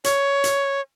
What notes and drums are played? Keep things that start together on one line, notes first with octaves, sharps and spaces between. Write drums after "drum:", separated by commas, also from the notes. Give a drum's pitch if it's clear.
C#5, drum: hi-hat
drum: hi-hat